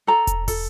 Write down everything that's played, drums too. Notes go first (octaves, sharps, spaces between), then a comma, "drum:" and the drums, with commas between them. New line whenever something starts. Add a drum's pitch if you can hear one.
A4 A#5
drum: kick, hi-hat
A4, drum: kick, open hi-hat